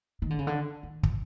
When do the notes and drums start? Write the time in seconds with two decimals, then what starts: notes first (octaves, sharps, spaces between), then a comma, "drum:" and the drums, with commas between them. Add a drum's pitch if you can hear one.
0.22 D#3
0.30 D3
0.39 C#3
0.47 D3
0.83 D#3
1.03 drum: kick